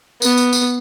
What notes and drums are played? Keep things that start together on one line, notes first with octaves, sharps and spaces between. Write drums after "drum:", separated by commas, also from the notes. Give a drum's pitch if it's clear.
B3, drum: tambourine
drum: tambourine
drum: tambourine